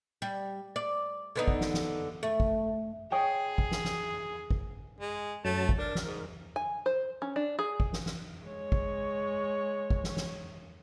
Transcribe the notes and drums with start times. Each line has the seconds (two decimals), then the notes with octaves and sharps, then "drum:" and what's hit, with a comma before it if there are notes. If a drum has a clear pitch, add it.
0.22 G3
0.76 D5
1.36 D3 B3 D#4
1.48 drum: kick
1.61 drum: snare
1.74 drum: snare
2.23 A3
2.40 drum: kick
3.12 G#4 C#5 D#5 G5
3.58 drum: kick
3.71 drum: snare
3.85 drum: snare
4.50 drum: kick
5.00 G#3
5.45 F#2 F#3 A3 A5
5.69 drum: kick
5.79 D4 A#4
5.95 drum: snare
6.05 G#2
6.56 G#5
6.86 C5
7.22 C#4
7.36 D4
7.59 G#4
7.80 drum: kick
7.93 drum: snare
8.06 drum: snare
8.46 G#3 C#5
8.72 drum: kick
9.90 drum: kick
10.04 drum: snare
10.17 drum: snare